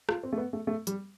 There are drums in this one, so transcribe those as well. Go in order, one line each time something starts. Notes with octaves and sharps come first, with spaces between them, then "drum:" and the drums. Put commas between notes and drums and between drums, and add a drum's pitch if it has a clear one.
F4, drum: rim click
C4
A3
B3
A3
A3
G3, drum: hi-hat